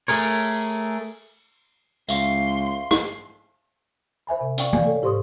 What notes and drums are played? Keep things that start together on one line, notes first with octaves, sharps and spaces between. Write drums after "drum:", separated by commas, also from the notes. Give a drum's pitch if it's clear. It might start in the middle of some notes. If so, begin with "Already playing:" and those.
A3 G#4 A#4 C#5, drum: open hi-hat
C#2 E5 F5 C6 C#6, drum: tambourine
drum: rim click
C5 E5 G#5 B5
C3
D5 F5 G5 C#6, drum: hi-hat
D5 F5 G5 G#5, drum: tom
A4 C#5
G#2 G4 C5 C6 C#6 D#6